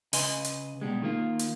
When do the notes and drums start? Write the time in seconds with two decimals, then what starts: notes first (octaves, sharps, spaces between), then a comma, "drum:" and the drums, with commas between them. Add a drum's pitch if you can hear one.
0.13 C#3 B4 D#5 G#5 C6, drum: open hi-hat
0.44 drum: hi-hat
0.81 B2 G3 G#3
1.02 D#3 A#3 F4
1.39 drum: hi-hat